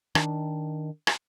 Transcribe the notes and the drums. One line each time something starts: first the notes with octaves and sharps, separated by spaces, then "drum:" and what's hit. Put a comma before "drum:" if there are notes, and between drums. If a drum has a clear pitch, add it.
D#3 D4, drum: rim click
drum: rim click